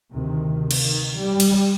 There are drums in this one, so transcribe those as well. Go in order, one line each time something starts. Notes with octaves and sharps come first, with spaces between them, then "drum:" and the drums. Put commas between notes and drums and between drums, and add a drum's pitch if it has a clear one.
D2 C3 D#3
drum: cymbal
D#3
G3
drum: cymbal